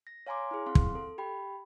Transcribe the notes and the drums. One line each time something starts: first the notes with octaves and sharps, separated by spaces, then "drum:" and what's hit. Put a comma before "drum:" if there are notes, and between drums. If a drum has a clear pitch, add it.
A#6
C#5 F5 G#5 A#5 C6 D6
E4 G#4
C4 F5 C6
drum: kick
A4
G4 G5 B5